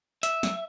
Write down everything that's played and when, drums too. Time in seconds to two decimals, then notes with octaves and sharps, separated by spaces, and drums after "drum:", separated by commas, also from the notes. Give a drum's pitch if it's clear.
0.23 E5, drum: hi-hat
0.43 drum: snare